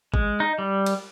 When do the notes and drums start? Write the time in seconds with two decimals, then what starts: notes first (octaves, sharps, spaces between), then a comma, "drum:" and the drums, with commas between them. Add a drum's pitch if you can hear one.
0.14 G#3, drum: kick
0.40 D#4
0.58 G3
0.86 drum: cymbal